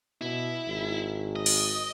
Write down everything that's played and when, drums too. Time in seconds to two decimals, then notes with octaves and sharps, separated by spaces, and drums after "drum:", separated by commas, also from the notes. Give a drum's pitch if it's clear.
0.21 B2 E4
0.68 G#1
1.36 D#5
1.46 drum: open hi-hat